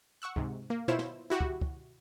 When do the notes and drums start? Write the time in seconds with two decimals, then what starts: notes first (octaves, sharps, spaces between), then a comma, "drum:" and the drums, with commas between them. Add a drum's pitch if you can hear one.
0.22 F#5 C#6 E6 F#6
0.36 G#2 C3, drum: kick
0.70 A#3
0.88 B2 E4 F4 C5 C#5 E7
0.99 drum: snare
1.30 E4 F#4 G4
1.41 drum: kick
1.61 drum: kick